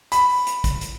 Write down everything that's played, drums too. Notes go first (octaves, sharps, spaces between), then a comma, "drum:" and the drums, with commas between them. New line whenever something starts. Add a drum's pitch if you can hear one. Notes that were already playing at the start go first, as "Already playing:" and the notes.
B5, drum: hi-hat
drum: open hi-hat
drum: hi-hat
drum: kick, hi-hat
drum: hi-hat